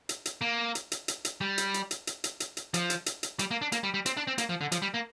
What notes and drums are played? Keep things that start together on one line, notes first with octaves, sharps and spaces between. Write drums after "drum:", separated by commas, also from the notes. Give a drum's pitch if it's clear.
drum: hi-hat
drum: hi-hat
A#3
drum: hi-hat
drum: hi-hat
drum: hi-hat
drum: hi-hat
G3
drum: hi-hat
drum: hi-hat
drum: hi-hat
drum: hi-hat
drum: hi-hat
drum: hi-hat
drum: hi-hat
F3, drum: hi-hat
drum: hi-hat
drum: hi-hat
drum: hi-hat
G3, drum: hi-hat
A#3
D4
A#3, drum: hi-hat
G3
G3
C4, drum: hi-hat
D4
C4
A#3, drum: hi-hat
F3
D3
F3, drum: hi-hat
G3
A#3